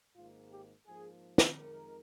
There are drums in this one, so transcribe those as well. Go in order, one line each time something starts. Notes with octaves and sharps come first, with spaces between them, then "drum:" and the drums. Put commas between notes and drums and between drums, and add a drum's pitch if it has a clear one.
G#1 G#2 D#3 A#3 F4
G4
G#2 F3 A#3 G#4
drum: snare
F2 D#3 G#3 A#4